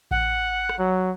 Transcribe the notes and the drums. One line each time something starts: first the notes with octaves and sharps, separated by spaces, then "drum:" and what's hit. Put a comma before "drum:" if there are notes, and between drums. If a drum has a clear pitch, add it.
F#5, drum: kick A1
drum: rim click
F#3